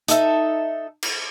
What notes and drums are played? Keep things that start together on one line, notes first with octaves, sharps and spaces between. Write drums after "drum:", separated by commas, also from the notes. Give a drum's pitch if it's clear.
D#4 A4 E5, drum: hi-hat
drum: cymbal